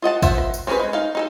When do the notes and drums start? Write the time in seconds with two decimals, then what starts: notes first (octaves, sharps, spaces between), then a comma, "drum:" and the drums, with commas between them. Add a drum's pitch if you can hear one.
0.02 F4 D#5 F#5 A5
0.22 F4 C5 E5 F#5, drum: kick, tambourine
0.38 drum: rim click
0.54 drum: tambourine
0.67 C4 C#4 F#4 G#4 B4
0.80 G#3
0.93 D#4 F5
1.15 D#4 G#4 A4